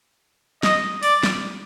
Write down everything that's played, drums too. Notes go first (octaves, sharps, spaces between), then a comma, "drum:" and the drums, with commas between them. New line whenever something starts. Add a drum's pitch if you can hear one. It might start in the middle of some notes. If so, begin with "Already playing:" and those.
D#5, drum: snare
D5, drum: open hi-hat
drum: snare